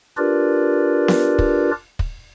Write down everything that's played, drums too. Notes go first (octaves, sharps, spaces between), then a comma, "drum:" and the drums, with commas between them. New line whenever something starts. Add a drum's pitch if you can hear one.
D4 F4 G4 A#4 B4 D5
drum: snare B3
drum: kick
drum: kick